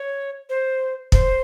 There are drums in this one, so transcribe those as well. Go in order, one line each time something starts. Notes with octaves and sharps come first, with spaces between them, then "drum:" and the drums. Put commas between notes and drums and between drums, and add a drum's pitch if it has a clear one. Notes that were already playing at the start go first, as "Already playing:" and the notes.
Already playing: C#5
C5
C5, drum: kick